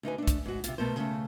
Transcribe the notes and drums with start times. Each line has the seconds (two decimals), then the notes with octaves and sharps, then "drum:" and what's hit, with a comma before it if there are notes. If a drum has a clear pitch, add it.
0.03 D2 D#4 B4 G#5
0.18 A3 D4
0.27 drum: kick, hi-hat
0.46 G#2 F#4
0.64 C3 F4, drum: hi-hat
0.78 B2 A3 B3 A#4 C5
0.96 C#3 A3